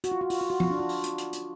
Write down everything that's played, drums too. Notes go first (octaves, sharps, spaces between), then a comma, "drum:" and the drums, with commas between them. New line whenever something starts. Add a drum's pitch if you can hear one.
F#4, drum: hi-hat
F4
F#4
F4, drum: open hi-hat
F4
F#4
F4, drum: tom F3
D4
F4
drum: open hi-hat
drum: hi-hat
drum: hi-hat
drum: hi-hat